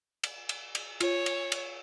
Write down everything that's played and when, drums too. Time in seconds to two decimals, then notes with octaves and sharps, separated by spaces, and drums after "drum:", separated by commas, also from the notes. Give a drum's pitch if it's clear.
0.24 drum: cymbal
0.49 drum: cymbal
0.75 drum: cymbal
1.00 F4 C#5, drum: cymbal
1.26 drum: cymbal
1.52 drum: cymbal